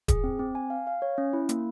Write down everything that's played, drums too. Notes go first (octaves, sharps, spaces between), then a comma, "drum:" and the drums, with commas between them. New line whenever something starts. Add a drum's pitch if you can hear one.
G#4, drum: kick D#1, hi-hat
C4
C4
G#5
F5
F5
C#5
C#4
E4
A#3, drum: hi-hat